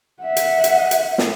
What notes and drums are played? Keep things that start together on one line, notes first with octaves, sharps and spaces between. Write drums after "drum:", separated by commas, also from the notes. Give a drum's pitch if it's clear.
E5 F#5
drum: hi-hat
drum: hi-hat
drum: hi-hat
drum: snare